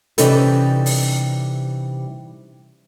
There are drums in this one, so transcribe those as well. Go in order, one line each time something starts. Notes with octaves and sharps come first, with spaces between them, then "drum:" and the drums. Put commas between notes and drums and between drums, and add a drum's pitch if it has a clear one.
C3 E3 G3 C#4 D#4 A4, drum: hi-hat
drum: open hi-hat